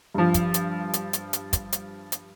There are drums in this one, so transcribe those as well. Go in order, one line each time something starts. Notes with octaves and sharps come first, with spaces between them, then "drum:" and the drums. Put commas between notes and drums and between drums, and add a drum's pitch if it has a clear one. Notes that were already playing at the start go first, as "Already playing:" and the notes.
G2 F3
drum: kick, hi-hat
drum: hi-hat
drum: hi-hat
drum: hi-hat
drum: hi-hat
drum: kick, hi-hat
drum: hi-hat
drum: hi-hat